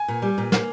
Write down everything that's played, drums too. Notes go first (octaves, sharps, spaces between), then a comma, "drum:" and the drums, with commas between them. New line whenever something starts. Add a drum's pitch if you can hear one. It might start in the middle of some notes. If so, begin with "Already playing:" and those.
Already playing: G#5
A#2
G3
A#2
A#3, drum: snare